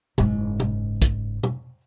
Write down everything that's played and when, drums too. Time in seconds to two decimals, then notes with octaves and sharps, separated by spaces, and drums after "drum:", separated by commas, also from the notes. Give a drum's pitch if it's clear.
0.18 F#1 G#2, drum: tom
0.60 drum: tom
1.02 drum: kick, hi-hat
1.43 drum: tom